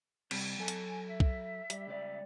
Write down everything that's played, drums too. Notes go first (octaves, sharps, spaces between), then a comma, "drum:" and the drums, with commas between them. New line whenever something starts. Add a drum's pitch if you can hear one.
C3 G3, drum: cymbal
F#3 A4 G#5 A5
drum: hi-hat
E5
drum: kick
G3, drum: hi-hat
C#2 G3 D5